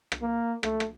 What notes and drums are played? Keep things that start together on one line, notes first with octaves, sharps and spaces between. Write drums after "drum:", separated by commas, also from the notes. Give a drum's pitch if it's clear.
drum: rim click
A#3
A3, drum: rim click
drum: rim click